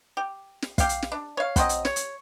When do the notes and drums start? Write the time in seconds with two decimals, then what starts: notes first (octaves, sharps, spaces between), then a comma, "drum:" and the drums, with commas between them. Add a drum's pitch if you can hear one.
0.17 G4
0.62 drum: snare
0.78 G4 F5, drum: kick, hi-hat
0.89 drum: hi-hat
1.02 drum: snare
1.12 D4
1.37 C#5 F5
1.56 F#3 C4 D#5, drum: kick, hi-hat
1.69 drum: hi-hat
1.85 C#5, drum: snare
1.96 drum: hi-hat